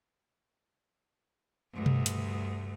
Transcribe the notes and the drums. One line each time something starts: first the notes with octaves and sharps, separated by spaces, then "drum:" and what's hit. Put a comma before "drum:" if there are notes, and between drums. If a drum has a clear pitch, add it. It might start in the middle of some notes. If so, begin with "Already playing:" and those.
D2 G2
drum: tom B2
drum: hi-hat